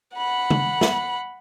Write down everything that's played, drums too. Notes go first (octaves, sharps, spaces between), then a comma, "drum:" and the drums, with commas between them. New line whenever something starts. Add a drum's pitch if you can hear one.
F#5 B5
drum: tom C#3
drum: snare